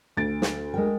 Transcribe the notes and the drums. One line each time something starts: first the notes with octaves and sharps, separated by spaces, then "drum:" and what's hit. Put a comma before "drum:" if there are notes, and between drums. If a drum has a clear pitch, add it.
D2 A6 D7
drum: snare
G#3 A#4 G5